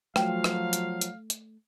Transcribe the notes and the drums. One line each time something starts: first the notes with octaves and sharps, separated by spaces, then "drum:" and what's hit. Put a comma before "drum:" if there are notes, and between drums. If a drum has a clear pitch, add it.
F3 F#3 A3 F5 G5, drum: rim click
drum: rim click
drum: hi-hat
drum: hi-hat
drum: hi-hat